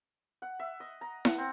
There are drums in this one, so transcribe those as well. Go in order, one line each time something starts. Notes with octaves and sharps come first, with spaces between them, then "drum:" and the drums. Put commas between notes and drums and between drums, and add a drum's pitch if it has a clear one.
F#5
E5
D#5
A#5
F#5, drum: snare E4
C4